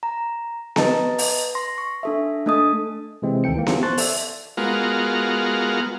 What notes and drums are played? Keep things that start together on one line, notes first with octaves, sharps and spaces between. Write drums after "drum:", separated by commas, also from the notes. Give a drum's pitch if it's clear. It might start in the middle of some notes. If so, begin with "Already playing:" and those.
A#5
B4 D#5 A5 A#5, drum: snare B3
drum: open hi-hat
C6 A#6
C#6
D4 A4 E5
A3 D4 A4 D#5 D#6
C3 E3 G#3 A3 C4
D2 D#3 A4 G5 C#7
E3 A#3
B3 C#4 E4 F4 G4, drum: snare B3
C5 A5 C6 C#6 F#6 A6
A4 D5 E5 E6, drum: open hi-hat
G#3 B3 F4 F#4 A#4